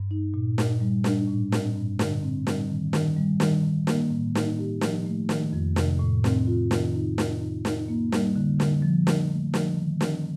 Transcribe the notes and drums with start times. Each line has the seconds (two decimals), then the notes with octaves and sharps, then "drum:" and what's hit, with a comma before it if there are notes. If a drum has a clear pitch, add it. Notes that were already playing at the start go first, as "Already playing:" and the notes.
Already playing: G2
0.11 D#4
0.34 A#2
0.58 A#2, drum: snare
0.81 G3
1.04 D4, drum: snare
1.28 A2
1.52 C4, drum: snare
1.75 G2
1.99 D3, drum: snare
2.23 C4
2.47 G3, drum: snare
2.70 D#3
2.93 D#3, drum: snare
3.16 G3
3.40 D#3, drum: snare
3.64 D#3
3.87 A#3, drum: snare
4.11 A2
4.35 D#4, drum: snare
4.59 G4
4.81 F3, drum: snare
5.06 A3
5.29 D#3, drum: snare
5.53 F2
5.76 C3, drum: snare
6.00 A2
6.24 C4, drum: snare
6.47 F4
6.71 D#3, drum: snare
6.95 D#4
7.18 D#4, drum: snare
7.41 D#4
7.65 D#4, drum: snare
7.88 A#3
8.12 G3, drum: snare
8.36 D3
8.60 D3, drum: snare
8.82 F3
9.07 F3, drum: snare
9.31 A3
9.54 F3, drum: snare
9.77 D#3
10.01 C4, drum: snare